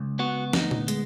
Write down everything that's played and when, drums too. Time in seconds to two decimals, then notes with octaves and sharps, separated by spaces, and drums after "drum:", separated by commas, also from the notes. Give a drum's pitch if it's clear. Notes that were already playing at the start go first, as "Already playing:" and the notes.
Already playing: C#2
0.19 B3 F#4
0.53 D2 D#4, drum: snare
0.71 drum: tom A#2
0.88 G#3, drum: hi-hat